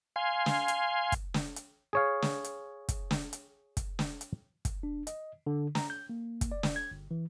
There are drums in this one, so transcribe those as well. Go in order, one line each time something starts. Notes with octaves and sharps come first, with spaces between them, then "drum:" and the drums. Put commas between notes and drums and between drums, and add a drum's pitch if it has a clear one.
F5 G#5 C6
drum: snare
drum: hi-hat
drum: kick, hi-hat
drum: snare
drum: hi-hat
G#4 C#5 F5
drum: snare
drum: hi-hat
drum: kick, hi-hat
drum: snare
drum: hi-hat
drum: kick, hi-hat
drum: snare
drum: hi-hat
drum: kick, hi-hat
D4
D#5, drum: hi-hat
D3
A#5, drum: snare
G6
A#3
drum: kick, hi-hat
D5
drum: snare
G#6
G1
E3